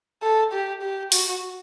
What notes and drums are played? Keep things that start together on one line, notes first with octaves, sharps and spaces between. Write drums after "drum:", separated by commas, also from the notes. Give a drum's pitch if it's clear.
A4
G4
G4
F#4, drum: open hi-hat